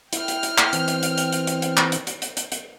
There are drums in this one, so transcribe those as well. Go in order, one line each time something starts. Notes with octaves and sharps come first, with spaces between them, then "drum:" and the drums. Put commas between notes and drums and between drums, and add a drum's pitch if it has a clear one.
E4 G5 F6, drum: hi-hat
drum: hi-hat
drum: hi-hat
drum: clap
E3 C4, drum: hi-hat
drum: hi-hat
drum: hi-hat
drum: hi-hat
drum: hi-hat
drum: hi-hat
drum: hi-hat
drum: clap
drum: hi-hat
drum: hi-hat
drum: hi-hat
drum: hi-hat
drum: hi-hat